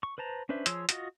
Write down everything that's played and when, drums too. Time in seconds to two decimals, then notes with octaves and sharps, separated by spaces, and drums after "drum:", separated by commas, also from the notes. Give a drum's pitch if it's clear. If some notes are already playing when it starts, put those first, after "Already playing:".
0.03 C#6
0.18 B4 C5 A5 A#5
0.49 C#4 D4 B4 C5 E5
0.66 F3 G#4 C#5 C6 E6, drum: hi-hat
0.89 F4 F#4 D#5, drum: hi-hat